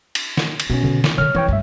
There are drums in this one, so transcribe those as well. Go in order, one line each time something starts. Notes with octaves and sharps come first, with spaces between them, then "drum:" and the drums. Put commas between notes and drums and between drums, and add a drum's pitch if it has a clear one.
drum: cymbal
drum: snare
drum: cymbal
B2 C#4 D#4
D3
drum: snare
D3 D#3 C#5 F6
E3 F3 B3 C#5 G5
G#1 G2 A3 E5